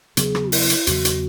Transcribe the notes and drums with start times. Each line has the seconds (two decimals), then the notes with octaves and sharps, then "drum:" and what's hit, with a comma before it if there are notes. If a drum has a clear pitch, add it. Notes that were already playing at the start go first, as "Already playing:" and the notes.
0.17 E2 C#3 F#3 B3 G#4, drum: hi-hat
0.35 drum: rim click
0.52 E4, drum: open hi-hat
0.70 drum: hi-hat
0.87 E2 C#3 F#3 B3 F#4, drum: hi-hat
1.05 drum: hi-hat